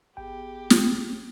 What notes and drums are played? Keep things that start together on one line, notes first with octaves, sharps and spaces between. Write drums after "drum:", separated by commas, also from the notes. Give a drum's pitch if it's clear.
G#1 B3 G4 G#4 G5
drum: snare